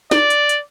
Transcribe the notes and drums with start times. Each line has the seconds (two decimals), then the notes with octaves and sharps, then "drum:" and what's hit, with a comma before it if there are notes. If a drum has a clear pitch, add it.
0.11 D5, drum: snare
0.30 drum: hi-hat
0.49 drum: hi-hat